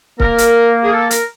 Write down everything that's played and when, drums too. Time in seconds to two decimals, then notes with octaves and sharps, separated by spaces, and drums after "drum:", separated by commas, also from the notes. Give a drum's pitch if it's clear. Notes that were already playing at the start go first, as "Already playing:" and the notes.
0.20 A#3 A#4, drum: kick C#1
0.38 drum: hi-hat
0.83 G#4
0.93 A4
1.11 A#4, drum: hi-hat